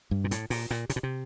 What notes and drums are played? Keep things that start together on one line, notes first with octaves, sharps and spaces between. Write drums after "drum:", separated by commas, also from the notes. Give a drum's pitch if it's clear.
G2
A#2
A2, drum: hi-hat
A#2, drum: open hi-hat
A#2, drum: rim click
C3, drum: hi-hat
B2
C3